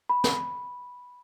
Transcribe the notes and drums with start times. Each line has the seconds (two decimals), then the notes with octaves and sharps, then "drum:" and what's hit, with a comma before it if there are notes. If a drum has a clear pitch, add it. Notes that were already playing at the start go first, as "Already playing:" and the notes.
0.09 B5
0.24 drum: snare